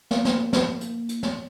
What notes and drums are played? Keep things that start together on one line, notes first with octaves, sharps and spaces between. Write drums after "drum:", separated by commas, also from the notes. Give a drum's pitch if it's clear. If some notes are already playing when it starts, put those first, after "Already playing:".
A#3, drum: snare
drum: snare
drum: snare
drum: hi-hat
drum: hi-hat
drum: snare